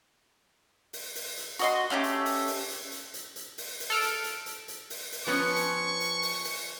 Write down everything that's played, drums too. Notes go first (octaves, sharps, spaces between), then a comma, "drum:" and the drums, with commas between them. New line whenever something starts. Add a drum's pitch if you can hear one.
drum: open hi-hat
drum: open hi-hat
drum: hi-hat
F#4 D#5 C6, drum: hi-hat
A3 C#4 D#4 G4
drum: hi-hat
drum: open hi-hat
drum: open hi-hat
drum: hi-hat
drum: hi-hat
drum: hi-hat
drum: hi-hat
drum: open hi-hat
drum: open hi-hat
A4 F6 D7
drum: hi-hat
drum: hi-hat
drum: hi-hat
drum: hi-hat
drum: open hi-hat
drum: open hi-hat
F3 B3 C#4 C#6
drum: hi-hat
drum: hi-hat
drum: open hi-hat
drum: open hi-hat